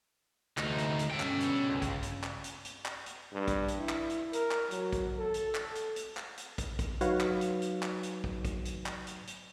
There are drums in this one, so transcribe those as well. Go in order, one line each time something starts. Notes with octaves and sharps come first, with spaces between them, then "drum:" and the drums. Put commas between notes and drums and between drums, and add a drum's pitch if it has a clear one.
D2 D#4, drum: clap
drum: hi-hat
drum: hi-hat
G2 B2 C#4 A4 G5
drum: clap
drum: hi-hat
C#2
drum: kick, hi-hat
drum: hi-hat
drum: clap
drum: hi-hat
drum: hi-hat
drum: clap
drum: hi-hat
G2
drum: kick, hi-hat
drum: hi-hat
E4
drum: clap
drum: hi-hat
A#4, drum: hi-hat
drum: clap
F#3, drum: hi-hat
drum: kick, hi-hat
A4
drum: hi-hat
drum: clap
drum: hi-hat
drum: hi-hat
drum: clap
drum: hi-hat
drum: kick, hi-hat
drum: kick, hi-hat
F#3 D#4 F#4 B4 C#5 F5, drum: hi-hat
drum: clap
drum: hi-hat
drum: hi-hat
drum: clap
drum: hi-hat
drum: kick
drum: kick, hi-hat
drum: hi-hat
drum: clap
drum: hi-hat
drum: hi-hat